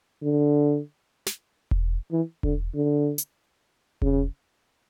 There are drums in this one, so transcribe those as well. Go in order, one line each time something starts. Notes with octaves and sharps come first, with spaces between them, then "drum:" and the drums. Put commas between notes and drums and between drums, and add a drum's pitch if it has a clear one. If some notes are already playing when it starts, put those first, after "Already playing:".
D3
drum: snare
drum: kick E1
E3
D3, drum: kick E1
D3
drum: hi-hat
C#3, drum: kick E1